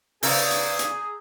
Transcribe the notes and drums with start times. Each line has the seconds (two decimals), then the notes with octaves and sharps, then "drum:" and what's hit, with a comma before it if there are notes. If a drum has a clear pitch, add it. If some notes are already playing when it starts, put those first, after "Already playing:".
0.23 C#3 G#4 B4 D5 A#5 E6 G6, drum: open hi-hat
0.51 drum: hi-hat
0.79 drum: hi-hat